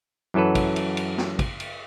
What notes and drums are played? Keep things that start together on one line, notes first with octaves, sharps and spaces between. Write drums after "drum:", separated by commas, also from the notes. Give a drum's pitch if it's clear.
F#2 E3 F#3 A4 B4
drum: kick, cymbal
drum: cymbal
drum: cymbal
drum: snare
drum: kick, cymbal
drum: cymbal